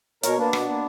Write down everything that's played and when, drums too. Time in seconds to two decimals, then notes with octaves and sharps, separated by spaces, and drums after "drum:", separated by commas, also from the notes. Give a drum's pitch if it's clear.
0.23 B2 A#4 C#5, drum: hi-hat
0.38 A#3 B3 D4
0.53 B2, drum: rim click
0.68 A#3